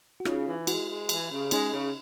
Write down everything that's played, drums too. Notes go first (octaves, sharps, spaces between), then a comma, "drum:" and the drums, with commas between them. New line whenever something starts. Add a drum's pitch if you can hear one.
F#4
C#3 D#4 F4, drum: rim click
E3
G#3 E4 F#4, drum: cymbal
G#3
E3, drum: cymbal
C#3
G#3 C#4 D#4, drum: cymbal
C#3